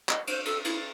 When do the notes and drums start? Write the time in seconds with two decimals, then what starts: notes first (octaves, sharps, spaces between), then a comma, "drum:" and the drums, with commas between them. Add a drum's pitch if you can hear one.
0.09 D#5, drum: clap
0.27 C5, drum: cymbal
0.45 A4, drum: cymbal
0.65 E4, drum: cymbal